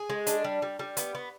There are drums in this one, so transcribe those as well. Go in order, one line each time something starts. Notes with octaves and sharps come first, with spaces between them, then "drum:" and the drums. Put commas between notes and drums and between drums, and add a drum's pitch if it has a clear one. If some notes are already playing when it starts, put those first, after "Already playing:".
Already playing: G#4
G#3
D4, drum: hi-hat
G3
G3
G3
B3, drum: hi-hat
B3